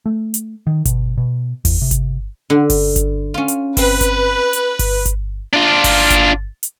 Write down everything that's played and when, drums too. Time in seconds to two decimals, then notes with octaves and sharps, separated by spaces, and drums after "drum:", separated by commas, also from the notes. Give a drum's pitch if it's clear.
0.06 A3
0.34 drum: hi-hat
0.67 D#3
0.85 B2, drum: kick G1, hi-hat
1.17 B2
1.65 E2, drum: kick G1, open hi-hat
1.82 C3
1.91 drum: kick G1, hi-hat
2.50 D3
2.70 drum: kick G1, open hi-hat
2.96 drum: kick G1, hi-hat
3.34 C#4 F4
3.48 drum: hi-hat
3.77 C4 B4, drum: kick G1, open hi-hat
4.01 drum: kick G1, hi-hat
4.53 drum: hi-hat
4.79 drum: kick G1, open hi-hat
5.05 drum: kick G1, hi-hat
5.53 D4 F4
5.84 drum: kick G1, open hi-hat
6.10 drum: kick G1, hi-hat
6.63 drum: hi-hat